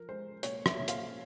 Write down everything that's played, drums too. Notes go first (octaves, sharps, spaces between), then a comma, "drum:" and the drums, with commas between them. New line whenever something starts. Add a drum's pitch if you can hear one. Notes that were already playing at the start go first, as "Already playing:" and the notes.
Already playing: F3 A#4
G#3 C5
A#2 C#5, drum: hi-hat
E5, drum: rim click
A#2 E5
F5, drum: hi-hat